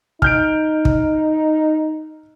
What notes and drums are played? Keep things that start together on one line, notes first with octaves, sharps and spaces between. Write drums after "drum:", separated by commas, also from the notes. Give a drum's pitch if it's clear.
D#4 F6 G6 D7, drum: kick
drum: kick